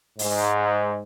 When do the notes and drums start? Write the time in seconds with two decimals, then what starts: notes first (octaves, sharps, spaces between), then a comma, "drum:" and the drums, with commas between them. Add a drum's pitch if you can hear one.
0.19 G#2, drum: open hi-hat